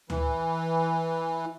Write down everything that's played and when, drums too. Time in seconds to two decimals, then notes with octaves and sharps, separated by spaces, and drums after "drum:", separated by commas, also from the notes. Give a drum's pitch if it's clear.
0.10 E3, drum: tom D2